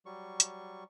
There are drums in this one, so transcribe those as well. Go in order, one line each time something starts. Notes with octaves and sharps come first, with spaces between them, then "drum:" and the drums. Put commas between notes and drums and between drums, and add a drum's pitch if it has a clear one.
F#3 G3 C#6
drum: hi-hat